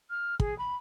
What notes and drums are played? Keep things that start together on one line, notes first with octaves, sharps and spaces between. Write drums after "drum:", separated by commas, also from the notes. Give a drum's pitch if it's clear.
F6
G#4, drum: kick
B5